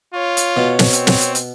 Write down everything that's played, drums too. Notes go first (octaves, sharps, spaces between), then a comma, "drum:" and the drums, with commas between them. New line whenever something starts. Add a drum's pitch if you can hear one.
F4 C#5
drum: hi-hat
B2
drum: snare
C4, drum: hi-hat
drum: snare
drum: hi-hat
drum: hi-hat